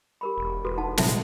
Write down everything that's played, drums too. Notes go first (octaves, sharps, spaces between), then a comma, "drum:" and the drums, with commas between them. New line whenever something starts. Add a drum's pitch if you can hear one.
G4 A#4 B5
E1
E1 F#4 A4 B4
D#4 F#5 A5
G#3 F4 E5 A5, drum: snare